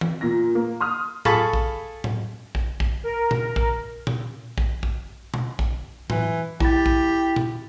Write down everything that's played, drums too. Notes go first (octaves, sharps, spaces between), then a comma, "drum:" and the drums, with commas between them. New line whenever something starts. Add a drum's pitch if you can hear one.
drum: tom
A#2 A#6
A#3
C6 D#6 F6
F4 G#4 A4 A5 B5 C#6, drum: tom A2
drum: kick
drum: tom A2
drum: kick
drum: kick
A#4
drum: tom A#2
drum: kick
drum: tom A#2
drum: kick
drum: kick
drum: tom B2
drum: kick
E3, drum: tom A2
E4 G4 B5 A6, drum: kick
drum: kick
drum: tom A#2